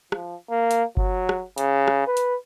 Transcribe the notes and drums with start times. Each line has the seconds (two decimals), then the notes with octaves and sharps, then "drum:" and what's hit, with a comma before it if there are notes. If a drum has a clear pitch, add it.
0.12 F3, drum: rim click
0.50 A#3
0.71 drum: hi-hat
0.97 F#3, drum: kick G1
1.29 drum: rim click
1.58 C#3, drum: hi-hat
1.88 drum: rim click
2.07 B4
2.17 drum: hi-hat